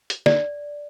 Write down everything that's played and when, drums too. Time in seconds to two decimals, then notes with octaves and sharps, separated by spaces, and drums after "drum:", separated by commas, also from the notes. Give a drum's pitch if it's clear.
0.10 drum: hi-hat
0.26 D5, drum: snare